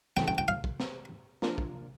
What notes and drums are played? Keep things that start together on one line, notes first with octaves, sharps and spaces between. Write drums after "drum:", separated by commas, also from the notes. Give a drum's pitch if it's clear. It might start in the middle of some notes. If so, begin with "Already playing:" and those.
C#3 E3 A3 G5, drum: snare
G5
G5
F5
drum: kick
drum: snare
F3 A#3 D4 F4 A#4, drum: snare
drum: kick